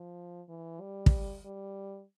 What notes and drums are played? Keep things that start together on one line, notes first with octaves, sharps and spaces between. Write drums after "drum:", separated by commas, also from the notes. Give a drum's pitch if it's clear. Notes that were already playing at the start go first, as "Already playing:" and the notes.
Already playing: F3
E3
G3
drum: kick
G3